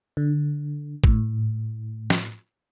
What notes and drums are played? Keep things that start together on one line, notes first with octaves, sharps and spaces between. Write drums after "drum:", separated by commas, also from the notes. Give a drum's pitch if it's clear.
D3
A2, drum: kick
drum: snare